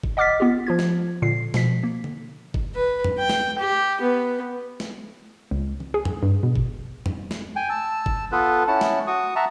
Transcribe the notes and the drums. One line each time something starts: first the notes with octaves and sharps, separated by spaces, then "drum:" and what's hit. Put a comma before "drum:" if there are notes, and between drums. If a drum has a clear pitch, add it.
drum: kick
D#5 F#5 D6 F6 A6 B6
B3 F4 G4
F3 F4 G#6
drum: snare A3
A#2 D3 C7
B2 F3 B6, drum: snare A3
A#3
drum: tom D3
drum: kick
B4
drum: tom
G5
drum: snare A3
G4
B3
drum: snare A3
C#2
drum: tom D#3
G#4
drum: tom
G2
B2
drum: kick
drum: tom
drum: snare A3
G5 G#5
A5 E6
drum: kick
B3 F4 A4 B4
C#4 E4 F#5 A5
drum: snare A3
F#4 C#6 D#6
E5 F#5 A5 A#5